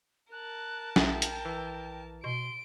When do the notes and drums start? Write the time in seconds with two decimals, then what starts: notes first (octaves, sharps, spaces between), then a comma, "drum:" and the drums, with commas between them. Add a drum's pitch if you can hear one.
0.32 A#4 A5 F#6
0.96 A#1 E4 G#4 F#5 G5, drum: snare
1.22 drum: hi-hat
1.45 E3
2.24 B2 C6 D7